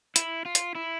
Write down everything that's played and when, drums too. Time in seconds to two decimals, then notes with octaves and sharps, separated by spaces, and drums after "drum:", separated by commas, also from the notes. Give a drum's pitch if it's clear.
0.16 E4, drum: hi-hat
0.45 F4
0.55 drum: hi-hat
0.75 E4